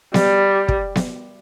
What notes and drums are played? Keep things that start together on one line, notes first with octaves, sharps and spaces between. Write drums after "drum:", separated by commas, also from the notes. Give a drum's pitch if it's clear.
G3, drum: snare B3
drum: kick
drum: snare B3